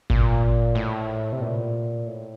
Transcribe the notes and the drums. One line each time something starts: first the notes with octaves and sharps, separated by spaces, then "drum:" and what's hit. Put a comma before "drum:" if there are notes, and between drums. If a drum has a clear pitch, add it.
A#2, drum: kick G#1
A2
C3
A#2
A2